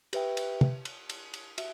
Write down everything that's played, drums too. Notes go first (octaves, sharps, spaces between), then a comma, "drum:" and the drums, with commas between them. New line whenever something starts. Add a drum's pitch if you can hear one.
G4 B4 E5 G5, drum: cymbal
drum: cymbal
drum: tom
drum: cymbal
drum: cymbal
drum: cymbal
F#4 E5, drum: cymbal